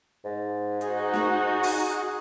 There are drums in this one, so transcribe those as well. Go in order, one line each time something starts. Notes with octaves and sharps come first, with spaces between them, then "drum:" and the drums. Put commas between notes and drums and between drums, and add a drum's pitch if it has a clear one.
G#2
D#4 F#4 G#4, drum: hi-hat
drum: snare
drum: open hi-hat